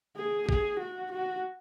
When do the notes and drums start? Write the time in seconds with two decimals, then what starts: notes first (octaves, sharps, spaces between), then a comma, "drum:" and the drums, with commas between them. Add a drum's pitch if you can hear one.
0.17 G#4
0.49 G#4, drum: kick
0.80 F#4
1.12 F#4